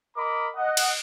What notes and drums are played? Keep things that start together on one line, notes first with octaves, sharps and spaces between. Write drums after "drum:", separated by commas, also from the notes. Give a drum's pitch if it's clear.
A#4 D#5 A#5 B5 D6
D#5 F#5
drum: cymbal